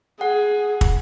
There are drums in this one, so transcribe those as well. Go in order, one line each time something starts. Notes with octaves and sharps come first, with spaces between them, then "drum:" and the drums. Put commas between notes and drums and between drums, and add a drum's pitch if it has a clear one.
G#4 F#5
drum: kick